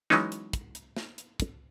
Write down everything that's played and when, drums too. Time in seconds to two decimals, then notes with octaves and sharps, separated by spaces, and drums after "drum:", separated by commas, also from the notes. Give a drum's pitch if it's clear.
0.10 E3 F#3 G#3 B3 C#4 D#4, drum: snare
0.32 drum: hi-hat
0.53 drum: kick, hi-hat
0.75 drum: hi-hat
0.97 drum: snare
1.18 drum: hi-hat
1.40 drum: kick, hi-hat